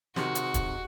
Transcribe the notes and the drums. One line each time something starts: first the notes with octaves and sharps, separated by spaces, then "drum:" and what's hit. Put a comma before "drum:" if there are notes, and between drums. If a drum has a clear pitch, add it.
C3 D#3 G#3 F#4, drum: snare
drum: hi-hat
drum: kick, hi-hat